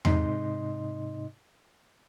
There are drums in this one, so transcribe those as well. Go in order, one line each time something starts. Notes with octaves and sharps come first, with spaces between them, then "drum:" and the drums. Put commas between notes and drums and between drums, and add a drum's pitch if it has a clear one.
G#2 C3 D#4 D#5 C6, drum: tom E2